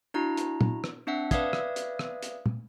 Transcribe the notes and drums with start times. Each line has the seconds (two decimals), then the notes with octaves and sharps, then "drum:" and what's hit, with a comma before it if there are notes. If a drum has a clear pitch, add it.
0.14 D4 E4 F#4 A#5
0.37 drum: hi-hat
0.61 drum: tom
0.84 drum: rim click
1.07 C4 D4 E5 F#5
1.31 B4 D5 E5 F5 D#6 G#6, drum: kick, hi-hat
1.53 drum: rim click
1.76 drum: hi-hat
1.99 drum: rim click
2.22 drum: hi-hat
2.46 drum: tom